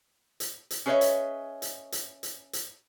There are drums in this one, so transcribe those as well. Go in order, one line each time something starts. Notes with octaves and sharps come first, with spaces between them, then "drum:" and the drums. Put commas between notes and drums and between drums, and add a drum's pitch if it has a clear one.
drum: hi-hat
drum: hi-hat
C#4 G#4 B4 C#5 D#5 E5
drum: hi-hat
drum: hi-hat
drum: hi-hat
drum: hi-hat
drum: hi-hat